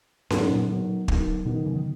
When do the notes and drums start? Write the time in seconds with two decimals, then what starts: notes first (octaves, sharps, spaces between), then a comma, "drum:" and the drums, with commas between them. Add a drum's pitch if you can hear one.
0.30 G#2 F#3 B3 D#4 A#4, drum: snare C#4
0.49 A#2
0.69 F#3 B3 D#4 A#4
1.08 F#3 B3 D#4 A#4, drum: kick
1.46 B2 F#3 B3 D#4 A#4
1.55 D#3
1.66 C#3
1.76 D#3